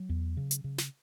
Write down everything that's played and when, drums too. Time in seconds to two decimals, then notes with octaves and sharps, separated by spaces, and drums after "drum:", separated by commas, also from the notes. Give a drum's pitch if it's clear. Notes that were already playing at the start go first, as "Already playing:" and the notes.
Already playing: F#3
0.09 E2
0.37 C#3
0.51 drum: hi-hat
0.64 C#3
0.78 drum: snare